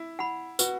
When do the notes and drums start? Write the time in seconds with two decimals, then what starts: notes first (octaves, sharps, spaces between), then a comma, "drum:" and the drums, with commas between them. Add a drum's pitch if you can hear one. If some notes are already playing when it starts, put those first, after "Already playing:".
Already playing: E4
0.19 F#5 B5
0.59 F#4 B4, drum: tambourine